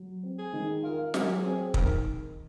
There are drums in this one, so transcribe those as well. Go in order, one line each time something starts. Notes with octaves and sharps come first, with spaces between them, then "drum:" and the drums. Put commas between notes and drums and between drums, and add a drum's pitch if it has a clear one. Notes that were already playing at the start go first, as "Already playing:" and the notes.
Already playing: F#3
C4
G#4
D#3
F4 A#4
F#3 G#4, drum: snare
C4 G#4
D#3 A#4, drum: kick